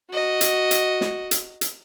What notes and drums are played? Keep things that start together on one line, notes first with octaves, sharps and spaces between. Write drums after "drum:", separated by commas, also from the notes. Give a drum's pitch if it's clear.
F#4 D#5
drum: hi-hat
drum: hi-hat
drum: snare
drum: hi-hat
drum: hi-hat